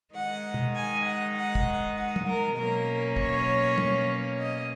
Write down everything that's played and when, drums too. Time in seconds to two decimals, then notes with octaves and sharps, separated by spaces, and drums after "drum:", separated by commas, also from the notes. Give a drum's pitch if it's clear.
0.13 D#3 G#3 D#4 F#5
0.54 drum: tom B2
0.75 G#5
1.05 F#5
1.35 F#5
1.55 drum: kick
1.96 F#5
2.16 drum: tom
2.26 A#4
2.56 B2 F#3 A#3 C#4 A#4
3.16 C#5, drum: kick
3.78 drum: tom
4.39 D#5